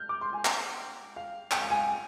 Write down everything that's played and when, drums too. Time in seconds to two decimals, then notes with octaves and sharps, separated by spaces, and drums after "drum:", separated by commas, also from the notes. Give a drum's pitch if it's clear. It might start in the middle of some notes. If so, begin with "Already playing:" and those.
Already playing: F6 G6
0.09 D6
0.21 C6
0.33 G#5
0.45 G5, drum: clap
1.16 F5
1.51 G5, drum: clap
1.61 F5
1.70 G#5
1.78 F5